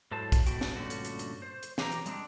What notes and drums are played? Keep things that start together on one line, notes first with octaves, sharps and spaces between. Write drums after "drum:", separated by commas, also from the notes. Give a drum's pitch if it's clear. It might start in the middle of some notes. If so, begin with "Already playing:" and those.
G#2 F#3 E4 A4 C5 A5
drum: kick, hi-hat
G#2 A3 B3 F#4 G5, drum: hi-hat
drum: snare
G2 A#2 D3 A3 C#4 F#4
drum: hi-hat
drum: hi-hat
drum: hi-hat
C5
drum: hi-hat
E3 F#3 G4 F5 G5 A#5, drum: snare
drum: hi-hat
G3 G#3 C4 D4, drum: hi-hat